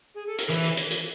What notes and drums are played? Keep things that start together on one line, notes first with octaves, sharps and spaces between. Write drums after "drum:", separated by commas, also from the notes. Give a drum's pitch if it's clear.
G#4
A4
A#4, drum: hi-hat
E3 B4, drum: hi-hat
drum: hi-hat
drum: hi-hat
drum: hi-hat